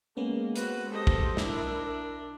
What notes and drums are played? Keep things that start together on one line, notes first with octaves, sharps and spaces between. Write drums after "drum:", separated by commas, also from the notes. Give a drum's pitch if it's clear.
G#3 A#3 B3 C#4
C4 F#4 B4, drum: hi-hat
G4 A4 C5 D#5
drum: kick
B1 D4 E4 A#4, drum: snare